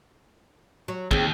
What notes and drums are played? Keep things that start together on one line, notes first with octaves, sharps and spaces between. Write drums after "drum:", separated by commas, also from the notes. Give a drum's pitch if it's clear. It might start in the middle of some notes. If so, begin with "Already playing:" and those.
F#3
D#2 C4 G#4, drum: kick